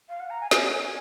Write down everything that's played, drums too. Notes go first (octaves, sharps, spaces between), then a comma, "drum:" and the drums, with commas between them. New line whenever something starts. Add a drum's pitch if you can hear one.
F5
F#5
A#5
G#5
G#5, drum: snare